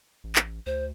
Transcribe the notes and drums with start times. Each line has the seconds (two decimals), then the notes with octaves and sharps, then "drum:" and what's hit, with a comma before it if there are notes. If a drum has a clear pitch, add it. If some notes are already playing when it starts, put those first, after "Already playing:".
0.24 A1
0.36 drum: clap
0.66 D2 C5